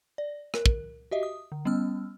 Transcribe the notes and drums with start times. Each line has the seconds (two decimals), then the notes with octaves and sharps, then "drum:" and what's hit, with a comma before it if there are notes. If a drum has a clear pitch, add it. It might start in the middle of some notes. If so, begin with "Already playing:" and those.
0.18 D5
0.54 A#4, drum: rim click
0.66 drum: kick
1.11 F#4 G4 D#5 E5
1.23 D#6
1.52 D3
1.65 G3 B3 C#4 E6 F6